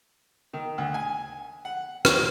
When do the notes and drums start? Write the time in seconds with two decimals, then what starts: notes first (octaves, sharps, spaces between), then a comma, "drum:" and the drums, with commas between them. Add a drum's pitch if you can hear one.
0.53 D#3
0.78 D2
0.94 G#5
1.65 F#5
2.05 C#6, drum: rim click